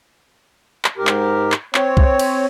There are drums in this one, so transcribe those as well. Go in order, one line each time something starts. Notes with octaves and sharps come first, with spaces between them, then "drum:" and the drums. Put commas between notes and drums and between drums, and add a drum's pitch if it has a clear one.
drum: clap
G#2 G4 A#4
drum: clap
drum: clap
C4 C#5, drum: clap
drum: kick
drum: cymbal